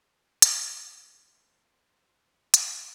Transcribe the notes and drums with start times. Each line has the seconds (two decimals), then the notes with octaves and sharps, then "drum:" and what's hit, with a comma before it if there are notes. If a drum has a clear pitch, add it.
0.42 E4, drum: hi-hat
1.01 C5
2.54 G3 D4, drum: hi-hat